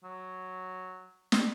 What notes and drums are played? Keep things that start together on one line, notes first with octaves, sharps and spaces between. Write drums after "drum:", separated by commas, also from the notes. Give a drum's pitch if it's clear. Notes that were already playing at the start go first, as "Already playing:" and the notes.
F#3
drum: snare